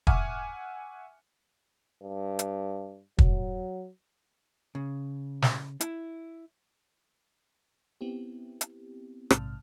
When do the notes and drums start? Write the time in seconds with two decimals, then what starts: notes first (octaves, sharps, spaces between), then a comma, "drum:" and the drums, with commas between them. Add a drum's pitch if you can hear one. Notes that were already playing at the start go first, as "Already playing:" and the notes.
0.07 E5 F#5 G#5 C#6 D6 F6, drum: kick
2.03 G2
2.39 drum: hi-hat
3.19 F#3, drum: kick
4.75 C#3
5.42 drum: snare
5.81 E4, drum: hi-hat
8.01 B3 C4 E4 G4
8.61 drum: hi-hat
9.30 A#1 G#2 C3 A5 F6, drum: rim click